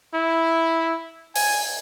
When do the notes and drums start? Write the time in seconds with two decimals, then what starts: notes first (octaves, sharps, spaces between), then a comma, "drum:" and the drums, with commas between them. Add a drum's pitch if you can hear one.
0.15 E4
1.36 G#5, drum: open hi-hat